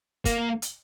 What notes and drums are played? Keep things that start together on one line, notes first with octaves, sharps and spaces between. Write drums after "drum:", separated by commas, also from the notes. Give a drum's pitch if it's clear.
A#3, drum: kick, hi-hat
drum: hi-hat